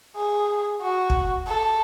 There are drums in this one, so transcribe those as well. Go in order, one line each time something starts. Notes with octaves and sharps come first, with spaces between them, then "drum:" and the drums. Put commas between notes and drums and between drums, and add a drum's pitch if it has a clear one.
G#4
F#4
drum: kick
A4